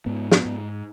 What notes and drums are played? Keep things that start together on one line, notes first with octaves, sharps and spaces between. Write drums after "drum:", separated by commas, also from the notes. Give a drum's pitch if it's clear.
G#2 B3
B3, drum: snare
G#2